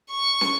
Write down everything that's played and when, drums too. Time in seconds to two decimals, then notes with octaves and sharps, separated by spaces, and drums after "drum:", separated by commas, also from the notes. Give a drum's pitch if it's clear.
0.11 C#6
0.41 drum: snare